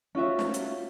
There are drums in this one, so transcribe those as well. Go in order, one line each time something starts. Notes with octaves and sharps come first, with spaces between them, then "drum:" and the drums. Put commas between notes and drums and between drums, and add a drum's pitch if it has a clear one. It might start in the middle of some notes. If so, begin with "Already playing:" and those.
C#4 F4 F#4 E5
drum: snare
drum: hi-hat